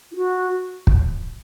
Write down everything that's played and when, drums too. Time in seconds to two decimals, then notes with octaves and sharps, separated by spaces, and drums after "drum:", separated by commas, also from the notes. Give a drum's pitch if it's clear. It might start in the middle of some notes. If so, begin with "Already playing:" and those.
0.11 E4
0.15 F#4
0.87 drum: kick